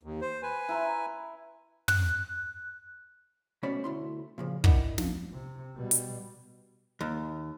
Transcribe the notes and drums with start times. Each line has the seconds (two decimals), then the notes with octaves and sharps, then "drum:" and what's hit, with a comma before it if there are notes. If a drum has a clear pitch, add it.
0.03 D#2
0.21 C5
0.43 B4 G#5
0.69 E4 A#5 C6
1.88 F#6, drum: tom
3.63 B2 A3 C#4 C5 D5 B5
3.84 D2 E4 C6
4.38 A#2 C#3 F3
4.64 D4 E4 A#4 D#5 F#5 G5, drum: kick
4.98 F3, drum: snare
5.32 C3
5.76 B2 G3
5.91 drum: hi-hat
7.01 D#2